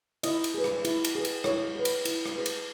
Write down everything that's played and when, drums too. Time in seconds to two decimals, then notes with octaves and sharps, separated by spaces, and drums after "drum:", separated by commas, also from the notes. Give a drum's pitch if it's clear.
0.23 E4 D#5, drum: cymbal
0.44 drum: cymbal
0.54 G#4 B4
0.64 drum: rim click
0.85 E4, drum: cymbal
1.05 drum: cymbal
1.15 G#4 B4
1.25 drum: cymbal
1.44 E4 C#5, drum: rim click
1.75 G#4 B4
1.85 drum: cymbal
2.05 E4, drum: cymbal
2.26 drum: rim click
2.36 G#4 B4
2.46 drum: cymbal